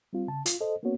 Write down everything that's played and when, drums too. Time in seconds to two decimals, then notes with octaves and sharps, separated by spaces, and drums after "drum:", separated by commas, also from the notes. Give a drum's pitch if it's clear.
0.13 G3 C4 F4
0.28 C#3 A5
0.46 F4, drum: hi-hat
0.61 A4 C5 D#5
0.83 A#3 B3 C#4 F#4 C#5